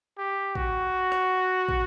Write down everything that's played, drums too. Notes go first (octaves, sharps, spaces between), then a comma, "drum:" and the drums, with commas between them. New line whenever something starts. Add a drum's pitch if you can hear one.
G4
F#4, drum: kick
drum: rim click
drum: kick